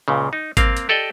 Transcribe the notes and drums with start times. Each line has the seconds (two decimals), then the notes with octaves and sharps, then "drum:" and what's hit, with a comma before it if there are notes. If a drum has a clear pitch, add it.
0.08 C#2 A#2 C#3
0.33 D#4
0.57 A#3 C4 F5, drum: kick G#1, hi-hat
0.77 drum: hi-hat
0.89 G4 A4 D5 D#5 G5